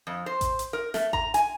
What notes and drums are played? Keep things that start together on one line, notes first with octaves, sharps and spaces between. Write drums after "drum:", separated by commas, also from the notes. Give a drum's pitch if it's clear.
F2
C5
drum: kick A1, hi-hat
drum: hi-hat
A#4
A3, drum: snare
A#5, drum: kick A1
G#5, drum: hi-hat